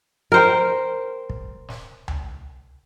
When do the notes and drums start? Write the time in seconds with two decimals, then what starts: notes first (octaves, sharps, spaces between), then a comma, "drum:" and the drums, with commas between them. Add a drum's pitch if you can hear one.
0.32 A#4 C5 G5
1.30 drum: kick
1.69 drum: snare
2.08 drum: tom C#2